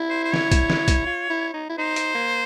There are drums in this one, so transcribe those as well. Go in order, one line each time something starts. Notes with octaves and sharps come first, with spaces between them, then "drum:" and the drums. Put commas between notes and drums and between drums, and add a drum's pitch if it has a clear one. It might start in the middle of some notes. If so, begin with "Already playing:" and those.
Already playing: E4
C5
C5
C#5, drum: snare
drum: kick, hi-hat
drum: snare
drum: kick, hi-hat
F4
E4
D#4
E4
D#4 C5
drum: hi-hat
A#3